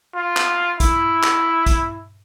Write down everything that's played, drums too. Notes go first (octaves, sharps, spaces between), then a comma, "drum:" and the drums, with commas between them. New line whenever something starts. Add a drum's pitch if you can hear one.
F4
drum: clap
E4, drum: kick, hi-hat
drum: clap
drum: kick, hi-hat